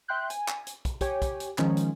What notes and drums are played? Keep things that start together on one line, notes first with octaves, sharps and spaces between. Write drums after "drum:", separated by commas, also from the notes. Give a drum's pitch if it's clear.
E5 G5 C6 F#6 G6
G#5, drum: hi-hat
drum: clap
drum: hi-hat
drum: kick, hi-hat
G4 C#5 G#5, drum: kick, hi-hat
drum: kick, hi-hat
drum: hi-hat
D#3 F3 G#3 C#4, drum: clap
drum: hi-hat